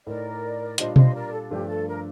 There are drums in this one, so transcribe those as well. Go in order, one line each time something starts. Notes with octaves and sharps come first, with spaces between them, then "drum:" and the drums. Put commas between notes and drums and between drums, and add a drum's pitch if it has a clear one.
A2 A3 D#4 A#4 D5
A#2 G3 D4 F4 C5 D#5, drum: hi-hat
C5 D#5, drum: tom B2
A#4 D5
A4
G2 F3 A3 D4 G4
A4
A#4